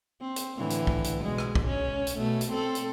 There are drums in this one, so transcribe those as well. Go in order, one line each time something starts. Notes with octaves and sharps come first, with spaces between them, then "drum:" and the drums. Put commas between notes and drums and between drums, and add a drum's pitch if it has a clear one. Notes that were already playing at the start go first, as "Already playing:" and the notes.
C4
drum: hi-hat
A2 D3 E3
drum: hi-hat
drum: kick
drum: hi-hat
B2 G#3
drum: rim click
drum: kick
C#4
drum: hi-hat
B2 A3
drum: hi-hat
C4 A4
drum: hi-hat